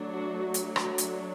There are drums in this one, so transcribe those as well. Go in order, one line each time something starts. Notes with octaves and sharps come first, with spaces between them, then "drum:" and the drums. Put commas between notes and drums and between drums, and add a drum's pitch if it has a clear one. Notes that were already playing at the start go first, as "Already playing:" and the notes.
Already playing: F#3 A3 D4
F#4
D4, drum: hi-hat
drum: rim click
drum: hi-hat